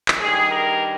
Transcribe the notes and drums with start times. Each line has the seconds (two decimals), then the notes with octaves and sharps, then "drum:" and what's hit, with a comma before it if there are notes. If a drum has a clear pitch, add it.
0.08 drum: clap
0.20 G2 D#3 G3 G#4
0.50 A#4